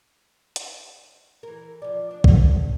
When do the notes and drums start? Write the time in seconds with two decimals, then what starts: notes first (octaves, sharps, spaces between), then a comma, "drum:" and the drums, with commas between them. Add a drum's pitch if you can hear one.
0.56 drum: hi-hat
1.43 E3 A#4
1.82 F3 D5
2.11 D4
2.24 drum: kick